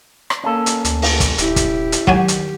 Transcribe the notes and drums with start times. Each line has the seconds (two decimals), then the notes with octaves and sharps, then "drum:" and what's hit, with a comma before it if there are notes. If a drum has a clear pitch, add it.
0.30 drum: rim click
0.44 A#3 C#4 A4
0.66 drum: hi-hat
0.85 D2, drum: hi-hat
1.02 drum: open hi-hat
1.20 drum: kick, hi-hat
1.38 D#1 E4 G4, drum: hi-hat
1.56 drum: kick, hi-hat
1.92 drum: hi-hat
2.07 D#3 F#3 F#4 G4 G#5, drum: kick
2.28 drum: hi-hat